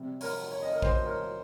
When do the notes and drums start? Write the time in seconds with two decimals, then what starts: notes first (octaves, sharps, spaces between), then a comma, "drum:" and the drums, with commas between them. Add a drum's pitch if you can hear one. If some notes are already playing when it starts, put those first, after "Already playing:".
Already playing: C3 G3
0.21 A#4 C#5, drum: open hi-hat
0.52 C#5
0.62 D#5
0.73 A#4 C#5
0.82 C5 D#5, drum: kick A#1
1.05 A#4 C#5